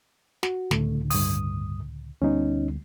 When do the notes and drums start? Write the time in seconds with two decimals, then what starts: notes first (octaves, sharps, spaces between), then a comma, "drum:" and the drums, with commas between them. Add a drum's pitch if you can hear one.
0.43 F#4, drum: snare
0.71 C#2 A2 D3 A3, drum: snare
1.10 G2 D#6, drum: open hi-hat
2.22 D2 G3 B3 C#4 D#4